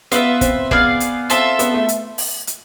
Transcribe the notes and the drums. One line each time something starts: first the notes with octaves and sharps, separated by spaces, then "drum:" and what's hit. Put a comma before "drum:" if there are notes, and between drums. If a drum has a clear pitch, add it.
B3 F4 B4 E5, drum: hi-hat
C4, drum: kick, hi-hat
B3 G#4 D5 F5, drum: kick
drum: hi-hat
C4 F4 A4 E5, drum: hi-hat
B3, drum: hi-hat
A3
drum: hi-hat
drum: open hi-hat
drum: hi-hat